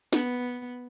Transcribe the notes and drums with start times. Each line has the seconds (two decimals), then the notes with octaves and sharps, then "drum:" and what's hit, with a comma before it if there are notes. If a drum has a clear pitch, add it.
0.13 B3, drum: snare